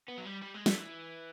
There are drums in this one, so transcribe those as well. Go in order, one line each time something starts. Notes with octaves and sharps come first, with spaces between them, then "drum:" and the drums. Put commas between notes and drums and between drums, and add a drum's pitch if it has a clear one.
B3
F#3
G3
G3
G#3
A3, drum: snare
E3